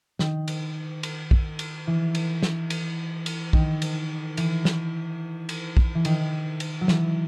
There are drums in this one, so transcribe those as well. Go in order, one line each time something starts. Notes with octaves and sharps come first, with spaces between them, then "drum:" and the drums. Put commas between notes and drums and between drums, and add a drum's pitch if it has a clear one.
D#3, drum: snare
drum: cymbal
drum: cymbal
drum: kick
drum: cymbal
E3
drum: cymbal
drum: snare
drum: cymbal
drum: cymbal
D#3, drum: kick
drum: cymbal
E3, drum: cymbal
drum: snare
drum: cymbal
drum: kick
E3
D#3, drum: cymbal
drum: cymbal
F#3
E3, drum: snare